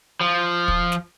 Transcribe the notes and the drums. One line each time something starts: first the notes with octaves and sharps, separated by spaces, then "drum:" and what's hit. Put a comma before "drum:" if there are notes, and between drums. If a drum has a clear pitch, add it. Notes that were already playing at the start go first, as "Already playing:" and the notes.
F3
drum: kick
drum: snare